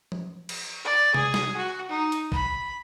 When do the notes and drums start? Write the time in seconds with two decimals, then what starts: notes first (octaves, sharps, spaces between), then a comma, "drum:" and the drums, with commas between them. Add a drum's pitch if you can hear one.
0.12 drum: tom F3
0.49 drum: cymbal
0.84 D5
1.14 G#4, drum: tom C3
1.34 drum: snare
1.56 F#4
1.89 D#4
2.12 drum: hi-hat
2.32 B5, drum: kick A1